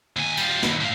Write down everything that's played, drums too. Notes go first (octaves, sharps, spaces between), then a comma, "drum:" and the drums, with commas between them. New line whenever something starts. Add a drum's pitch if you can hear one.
D#2 G#5
G3 F4, drum: cymbal
D#2 B2, drum: snare
A2 F5